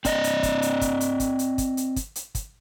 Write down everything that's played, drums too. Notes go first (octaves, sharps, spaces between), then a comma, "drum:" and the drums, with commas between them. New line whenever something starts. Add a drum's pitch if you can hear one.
C4 D5 D#5, drum: kick, hi-hat
drum: hi-hat
drum: kick, hi-hat
drum: hi-hat
drum: kick, hi-hat
drum: hi-hat
drum: kick, hi-hat
drum: hi-hat
drum: kick, hi-hat
drum: hi-hat
drum: kick, hi-hat
drum: hi-hat
drum: kick, hi-hat